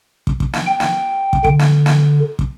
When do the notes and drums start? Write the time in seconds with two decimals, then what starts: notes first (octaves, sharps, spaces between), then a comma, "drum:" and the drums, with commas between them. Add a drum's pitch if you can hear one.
0.27 drum: kick
0.40 drum: kick
0.53 drum: snare
0.67 G5
0.80 drum: snare
1.33 drum: kick
1.44 D3, drum: kick
1.59 drum: snare
1.86 drum: snare
2.39 drum: kick